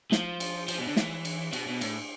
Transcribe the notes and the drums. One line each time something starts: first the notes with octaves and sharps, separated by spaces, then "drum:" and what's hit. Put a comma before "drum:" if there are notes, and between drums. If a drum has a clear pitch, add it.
F3, drum: snare
drum: cymbal
F3, drum: cymbal
B2
D3
E3, drum: snare
drum: cymbal
B2, drum: cymbal
B2
A2, drum: cymbal